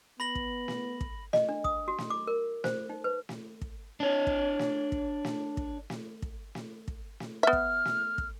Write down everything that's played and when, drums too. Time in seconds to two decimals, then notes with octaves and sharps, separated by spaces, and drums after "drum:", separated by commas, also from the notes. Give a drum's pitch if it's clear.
0.20 B3 B5 A#6 F#7
0.35 drum: kick
0.68 drum: snare
1.01 drum: kick
1.33 D#5, drum: snare
1.49 D4
1.64 D#6, drum: kick
1.88 F#4
1.98 drum: snare
2.10 D6
2.27 A#4
2.64 C5, drum: snare
2.90 D#4
3.04 B4
3.29 drum: snare
3.61 drum: kick
4.00 D4 C#5
4.27 drum: kick
4.59 drum: snare
4.92 drum: kick
5.25 drum: snare
5.57 drum: kick
5.90 drum: snare
6.22 drum: kick
6.55 drum: snare
6.88 drum: kick
7.20 drum: snare
7.43 B3 E5 F6
7.53 drum: kick
7.85 drum: snare
8.18 drum: kick